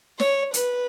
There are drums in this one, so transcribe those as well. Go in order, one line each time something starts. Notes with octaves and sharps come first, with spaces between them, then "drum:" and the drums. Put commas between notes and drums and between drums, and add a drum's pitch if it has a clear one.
C#5, drum: snare
B4, drum: hi-hat